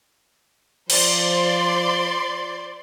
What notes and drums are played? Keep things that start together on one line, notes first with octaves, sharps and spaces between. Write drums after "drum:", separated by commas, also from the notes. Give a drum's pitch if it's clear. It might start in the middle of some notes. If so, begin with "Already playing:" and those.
F3 C5 D5 C6, drum: cymbal